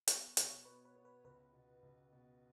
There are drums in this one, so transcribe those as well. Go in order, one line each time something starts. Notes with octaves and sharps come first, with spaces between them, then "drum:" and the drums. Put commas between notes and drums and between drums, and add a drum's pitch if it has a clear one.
B3 C#5, drum: hi-hat
B2, drum: hi-hat
C#5
B3 B4
B4
B3
B4
C#2 B4
B2
C#2
B2